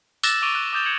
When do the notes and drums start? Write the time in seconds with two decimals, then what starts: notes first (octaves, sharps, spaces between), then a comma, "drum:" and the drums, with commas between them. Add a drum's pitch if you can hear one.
0.23 D6 E6 F#6 A6 A#6 E7, drum: tambourine
0.42 C#6 D6 D7 D#7 F7 G7
0.55 F#6
0.73 D6 D#6 G6 A6 F7 G7
0.85 G#6 C#7 F7 F#7